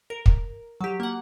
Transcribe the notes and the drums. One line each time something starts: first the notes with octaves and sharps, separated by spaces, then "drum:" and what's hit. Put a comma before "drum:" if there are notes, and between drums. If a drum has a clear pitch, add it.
A#4
drum: kick
F#3 G4
A#3 F#5